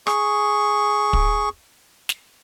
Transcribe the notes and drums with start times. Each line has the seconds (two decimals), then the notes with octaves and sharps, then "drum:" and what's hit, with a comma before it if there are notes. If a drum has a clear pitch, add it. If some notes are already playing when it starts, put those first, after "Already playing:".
0.07 G#4 C#6, drum: rim click
1.13 drum: kick
2.09 drum: snare